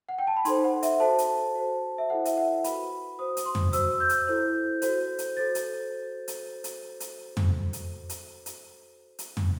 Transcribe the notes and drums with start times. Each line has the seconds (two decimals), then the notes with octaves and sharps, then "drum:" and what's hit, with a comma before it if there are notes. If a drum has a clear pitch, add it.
0.09 F#5
0.19 G5
0.27 A5
0.37 B5
0.45 D#4 A4 C5 C6, drum: hi-hat
0.64 F#5
0.83 E5, drum: hi-hat
1.00 F#4 A4 C5 A5
1.18 drum: hi-hat
1.55 F#4 C5
1.98 E5
2.09 E4 A4 C5 F#5
2.25 E5, drum: hi-hat
2.37 F#5
2.64 F#4 B4 B5, drum: hi-hat
3.18 F#4 C5 D#6
3.37 drum: hi-hat
3.46 C6
3.55 drum: tom
3.73 F#4 C5 E6, drum: hi-hat
4.00 G6
4.09 drum: hi-hat
4.27 E4 A4 C5
4.82 F#4 A4 C5, drum: hi-hat
5.18 drum: hi-hat
5.37 F#4 A4 C5 A6
5.55 drum: hi-hat
6.28 drum: hi-hat
6.64 drum: hi-hat
7.00 drum: hi-hat
7.37 drum: tom
7.73 drum: hi-hat
8.09 drum: hi-hat
8.46 drum: hi-hat
9.19 drum: hi-hat
9.37 drum: tom